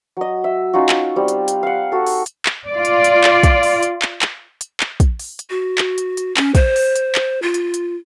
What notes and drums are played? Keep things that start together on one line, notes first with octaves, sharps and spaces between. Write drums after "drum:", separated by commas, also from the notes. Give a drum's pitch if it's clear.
F#3 D#5
E5
C#4 D#4 F4 F#4
drum: clap
G3 C4
drum: hi-hat
drum: hi-hat
F5 F#5
F#4 A4
drum: open hi-hat
drum: hi-hat
drum: clap
F4 D5
drum: hi-hat
drum: hi-hat
drum: clap
drum: kick, hi-hat
drum: open hi-hat
drum: hi-hat
drum: clap
drum: clap
drum: hi-hat
drum: clap
drum: kick, hi-hat
drum: open hi-hat
drum: hi-hat
F#4
drum: clap
drum: hi-hat
drum: hi-hat
C#4, drum: clap
C5, drum: kick, hi-hat
drum: open hi-hat
drum: hi-hat
drum: clap
F4
drum: hi-hat
drum: hi-hat